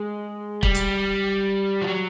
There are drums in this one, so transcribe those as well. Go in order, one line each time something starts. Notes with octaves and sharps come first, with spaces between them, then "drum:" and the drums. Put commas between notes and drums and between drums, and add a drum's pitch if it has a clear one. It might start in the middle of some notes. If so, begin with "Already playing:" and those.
Already playing: G#3
G3, drum: kick
drum: hi-hat
F3
F#3